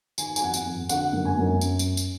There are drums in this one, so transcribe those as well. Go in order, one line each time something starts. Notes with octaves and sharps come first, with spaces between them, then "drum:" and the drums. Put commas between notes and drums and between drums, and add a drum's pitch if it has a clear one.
D#3 G#5, drum: tambourine
G#5, drum: tambourine
F2 F#5
drum: tambourine
F2
D3 F#5, drum: tambourine
F#2
G#5
F#2
drum: tambourine
drum: tambourine
drum: tambourine